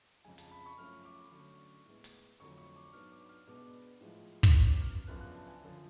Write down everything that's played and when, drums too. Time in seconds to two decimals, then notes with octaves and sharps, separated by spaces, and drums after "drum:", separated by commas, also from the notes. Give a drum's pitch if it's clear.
0.25 F2 C#3 G#3 G#5
0.38 A5, drum: hi-hat
0.51 B5
0.66 C#6
0.78 F#2 F3 A3 C#4 F6
1.05 D6
1.32 D3 F#3 A3 C#4 C#6
1.86 A2 G#3 B3
2.04 drum: hi-hat
2.40 F2 D3 F#3 A3 C#6
2.58 C#6
2.76 D6
2.93 G#2 F#3 B3 D4 F6
3.12 D6
3.29 F6
3.47 B2 G#3 B3 D4 D6
4.01 A2 F3 G#3
4.43 drum: kick
4.54 B2 F#3 C#4 C#6
4.68 D6
4.81 F6
4.95 F6
5.07 F#2 C#3 F3 B3 D4 F#6
5.21 F#6
5.35 A5
5.48 G#5
5.61 F#2 D3 F3